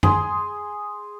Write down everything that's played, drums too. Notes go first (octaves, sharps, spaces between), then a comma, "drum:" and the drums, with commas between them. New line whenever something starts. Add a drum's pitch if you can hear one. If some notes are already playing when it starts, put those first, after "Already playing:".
G#4 C6, drum: tom F#2